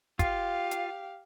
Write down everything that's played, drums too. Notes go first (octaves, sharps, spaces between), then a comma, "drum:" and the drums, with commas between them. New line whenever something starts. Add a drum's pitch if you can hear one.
F4 G4 F5, drum: kick, hi-hat
drum: hi-hat